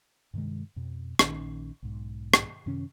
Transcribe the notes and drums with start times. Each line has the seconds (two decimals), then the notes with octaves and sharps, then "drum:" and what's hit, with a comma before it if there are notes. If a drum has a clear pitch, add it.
0.34 G2 C3 D#3 G#3
0.76 F2 B2
1.19 A#1 D#3 C#4, drum: rim click
1.82 B1 G#2
2.34 drum: rim click
2.66 F#2 C3 D#3 C#4